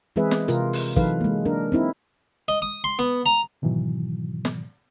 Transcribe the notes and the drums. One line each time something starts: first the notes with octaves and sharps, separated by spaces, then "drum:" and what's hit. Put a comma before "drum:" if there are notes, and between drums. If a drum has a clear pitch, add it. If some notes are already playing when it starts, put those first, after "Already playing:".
E3 G#3 C4 G#4 B4 E5
drum: snare
C3 F4 A#4, drum: hi-hat
drum: open hi-hat
E3 F#3 D#4 A4 B4 F5, drum: kick
G#3 A#3
D4 A#4
C4 D#4 E4
D#5
D#6
C6
B3
A#5
G#2 B2 D#3 E3 F#3
drum: snare